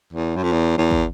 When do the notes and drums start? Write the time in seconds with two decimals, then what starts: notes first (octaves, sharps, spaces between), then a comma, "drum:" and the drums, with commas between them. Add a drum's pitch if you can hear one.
0.13 E2
0.36 F#2
0.43 F2
0.52 E2
0.78 E2
0.91 drum: kick